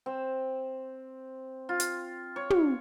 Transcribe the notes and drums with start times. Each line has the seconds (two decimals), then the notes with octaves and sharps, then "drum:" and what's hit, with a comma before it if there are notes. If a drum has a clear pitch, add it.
0.06 C4
1.69 F4
1.80 drum: hi-hat
2.36 C#5
2.50 drum: tom